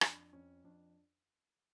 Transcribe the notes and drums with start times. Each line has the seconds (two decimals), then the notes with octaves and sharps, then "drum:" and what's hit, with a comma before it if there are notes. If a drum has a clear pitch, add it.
0.01 F2 D4, drum: rim click
0.33 F2 C#4
0.64 F2 D4